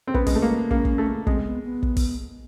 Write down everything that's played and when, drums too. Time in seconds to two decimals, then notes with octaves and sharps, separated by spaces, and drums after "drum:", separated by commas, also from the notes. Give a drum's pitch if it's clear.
0.07 C4
0.14 B3 C#4, drum: kick
0.27 G#3, drum: kick, open hi-hat
0.35 A3
0.42 A#3
0.71 A#3 C#4, drum: kick
0.85 drum: kick
0.98 A3
1.27 G#3 C4, drum: kick
1.46 B3
1.64 B3
1.83 drum: kick
1.97 drum: kick, open hi-hat